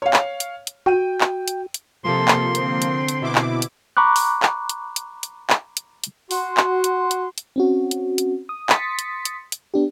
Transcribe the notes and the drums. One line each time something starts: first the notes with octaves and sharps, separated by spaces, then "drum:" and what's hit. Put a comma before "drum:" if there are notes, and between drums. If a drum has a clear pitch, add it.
C#5 F5
drum: clap
drum: hi-hat
drum: hi-hat
F#4 G5 D#7
drum: clap
drum: hi-hat
drum: hi-hat
C3 F3 A#3 A4 C6
drum: clap
D3 C4, drum: hi-hat
drum: hi-hat
drum: hi-hat
B2 E4 D6
drum: clap
drum: hi-hat
A#5 B5 C#6 D6 F#6
drum: open hi-hat
drum: clap
drum: hi-hat
drum: hi-hat
drum: hi-hat
drum: clap
drum: hi-hat
drum: hi-hat
F#4 C6, drum: open hi-hat
drum: clap
drum: hi-hat
drum: hi-hat
drum: hi-hat
C4 C#4 F#4
drum: hi-hat
drum: hi-hat
D#6
C6 D#6 A6 B6 C#7, drum: clap
drum: hi-hat
drum: hi-hat
drum: hi-hat
B3 D4 G4